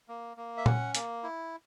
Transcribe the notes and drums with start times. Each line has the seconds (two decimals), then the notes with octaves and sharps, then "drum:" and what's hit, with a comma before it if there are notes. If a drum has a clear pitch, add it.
0.08 A#3
0.37 A#3
0.57 E5
0.66 C#4 F#5, drum: tom
0.95 A#3, drum: hi-hat
1.23 E4